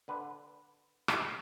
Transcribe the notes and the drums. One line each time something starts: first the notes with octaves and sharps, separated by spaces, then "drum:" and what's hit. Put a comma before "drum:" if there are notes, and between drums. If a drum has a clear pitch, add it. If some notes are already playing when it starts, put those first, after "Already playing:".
D3 B4
drum: rim click